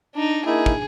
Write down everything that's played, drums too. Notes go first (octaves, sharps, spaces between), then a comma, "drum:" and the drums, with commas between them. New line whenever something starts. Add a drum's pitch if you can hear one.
D4 D#4
A#3 D#4 E4 G#4
drum: kick